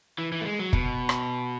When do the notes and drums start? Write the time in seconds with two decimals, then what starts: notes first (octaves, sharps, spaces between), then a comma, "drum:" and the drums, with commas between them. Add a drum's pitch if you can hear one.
0.18 E3
0.32 E3
0.41 A3
0.46 G#3
0.59 F#3
0.73 B2, drum: kick
1.09 drum: rim click